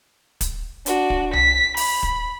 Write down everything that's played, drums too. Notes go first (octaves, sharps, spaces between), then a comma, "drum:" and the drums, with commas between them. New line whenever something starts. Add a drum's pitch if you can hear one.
drum: kick, hi-hat
D4 F#4, drum: hi-hat
drum: kick
B6, drum: tom C2
B5, drum: open hi-hat
drum: kick